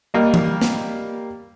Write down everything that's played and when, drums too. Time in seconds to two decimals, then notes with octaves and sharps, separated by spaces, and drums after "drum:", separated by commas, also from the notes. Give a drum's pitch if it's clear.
0.14 G3 A#3 D#5
0.34 drum: tom E3
0.61 drum: snare